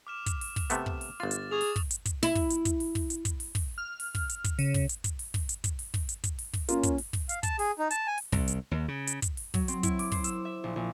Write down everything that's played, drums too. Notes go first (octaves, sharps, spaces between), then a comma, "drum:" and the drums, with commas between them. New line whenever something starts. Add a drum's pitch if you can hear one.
D6 F6 E7
drum: kick, hi-hat
drum: open hi-hat
drum: kick, open hi-hat
C3 A3 B3, drum: hi-hat
drum: kick
drum: open hi-hat
G1 F4 A6
drum: hi-hat
G#4 C#6 D#6 F7
drum: open hi-hat
drum: kick, open hi-hat
drum: hi-hat
drum: kick, hi-hat
E4, drum: open hi-hat
drum: kick, open hi-hat
drum: hi-hat
drum: kick, hi-hat
drum: open hi-hat
drum: kick, open hi-hat
drum: hi-hat
drum: kick, hi-hat
drum: open hi-hat
drum: kick, open hi-hat
F6
drum: open hi-hat
drum: kick, open hi-hat
drum: hi-hat
drum: kick, hi-hat
C#3, drum: open hi-hat
drum: kick, open hi-hat
drum: hi-hat
drum: kick, hi-hat
drum: open hi-hat
drum: kick, open hi-hat
drum: hi-hat
drum: kick, hi-hat
drum: open hi-hat
drum: kick, open hi-hat
drum: hi-hat
drum: kick, hi-hat
drum: open hi-hat
drum: kick, open hi-hat
A#3 C#4 F4, drum: hi-hat
drum: kick, hi-hat
drum: open hi-hat
drum: kick, open hi-hat
F5, drum: hi-hat
A5, drum: kick, hi-hat
G#4, drum: open hi-hat
D#4
A5, drum: hi-hat
G#5
drum: open hi-hat
C2, drum: kick, open hi-hat
drum: hi-hat
D#2
C#3
drum: hi-hat
drum: kick, hi-hat
drum: open hi-hat
F#3, drum: kick, open hi-hat
C4, drum: hi-hat
E4, drum: kick, hi-hat
D6, drum: open hi-hat
C5, drum: kick, open hi-hat
E6, drum: hi-hat
E5
A#1
A#1